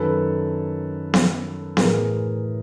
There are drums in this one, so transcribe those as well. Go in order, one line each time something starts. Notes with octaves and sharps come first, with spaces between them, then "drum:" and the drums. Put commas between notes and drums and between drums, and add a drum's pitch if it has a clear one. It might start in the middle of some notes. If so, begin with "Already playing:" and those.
Already playing: F#2 D#3 A4 B4
drum: snare B3
A2 E3 G#4 A#4, drum: snare B3